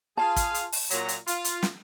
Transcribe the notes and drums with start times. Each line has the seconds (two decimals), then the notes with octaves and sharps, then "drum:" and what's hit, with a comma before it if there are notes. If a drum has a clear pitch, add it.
0.17 F4 G#4 F5 A5
0.36 drum: kick, hi-hat
0.54 drum: hi-hat
0.72 drum: open hi-hat
0.90 A#2 F#3 A#5, drum: hi-hat
1.08 drum: hi-hat
1.27 F4, drum: hi-hat
1.45 drum: hi-hat
1.63 drum: snare